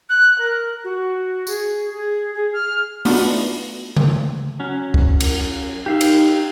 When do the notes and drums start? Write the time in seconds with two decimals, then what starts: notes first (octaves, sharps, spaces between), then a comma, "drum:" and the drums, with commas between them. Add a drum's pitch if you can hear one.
0.09 F#6
0.38 A#4
0.83 F#4
1.47 G#4, drum: tambourine
1.93 G#4
2.33 G#4
2.53 F6
3.05 A3 B3 D4 D#4 F4 F#4, drum: open hi-hat
3.96 drum: tom C#3
4.59 F#3 C#4
4.94 drum: kick
5.20 drum: cymbal
5.86 D#4 G4 F5 E6
6.01 drum: cymbal